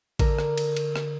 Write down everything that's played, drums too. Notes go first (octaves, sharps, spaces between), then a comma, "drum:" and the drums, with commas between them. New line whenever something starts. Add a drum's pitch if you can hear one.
D3 A#4, drum: kick A1, cymbal
drum: rim click
drum: cymbal
drum: cymbal
drum: rim click